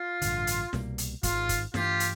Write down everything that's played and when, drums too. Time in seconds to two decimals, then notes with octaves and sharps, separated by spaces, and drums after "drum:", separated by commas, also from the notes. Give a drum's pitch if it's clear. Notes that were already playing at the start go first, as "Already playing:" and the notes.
Already playing: F4
0.22 A1 G2 D3, drum: hi-hat
0.47 drum: hi-hat
0.73 C2 B2 G3 A#3, drum: snare
0.98 drum: hi-hat
1.23 G#1 G#2 D#3 G#3 F4, drum: kick, hi-hat
1.49 drum: kick, hi-hat
1.74 G2 E3 A3 D4 F4 G4, drum: snare
2.00 drum: hi-hat